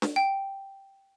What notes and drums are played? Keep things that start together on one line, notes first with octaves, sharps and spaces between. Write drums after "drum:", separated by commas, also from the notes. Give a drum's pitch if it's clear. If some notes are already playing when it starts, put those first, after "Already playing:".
drum: snare D4
G5